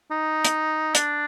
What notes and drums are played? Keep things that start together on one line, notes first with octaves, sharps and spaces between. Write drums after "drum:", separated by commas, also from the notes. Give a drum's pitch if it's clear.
D#4
drum: hi-hat
D4, drum: hi-hat